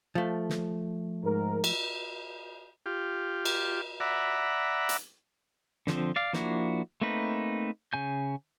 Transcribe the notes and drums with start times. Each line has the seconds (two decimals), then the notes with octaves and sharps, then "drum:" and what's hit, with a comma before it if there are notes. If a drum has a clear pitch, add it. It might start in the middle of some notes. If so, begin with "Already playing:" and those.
0.15 F3 A3
0.50 drum: snare
1.23 G#2 A#4
1.64 drum: cymbal
2.86 F4 G4
3.45 drum: cymbal
4.00 D5 E5 F#5 A#5 B5
4.89 drum: hi-hat
5.87 D3 F3 C4, drum: snare
6.16 D5 F5
6.33 F3 A#3 D4 E4 F#4, drum: snare
7.02 A3 A#3 C4 D#4 B4
7.93 C#3 G#5 G6